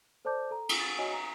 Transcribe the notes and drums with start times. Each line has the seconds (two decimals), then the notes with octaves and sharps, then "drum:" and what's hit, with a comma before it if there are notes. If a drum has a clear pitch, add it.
0.25 A4 C5 D5 A5 D6 G6
0.51 A4 A#5
0.69 drum: cymbal
0.80 A6
0.98 F#4 C#5 D#5 G#5 D7
1.12 A#5